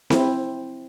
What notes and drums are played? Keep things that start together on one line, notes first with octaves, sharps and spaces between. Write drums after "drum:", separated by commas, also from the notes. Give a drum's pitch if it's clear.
C4 E4, drum: snare C4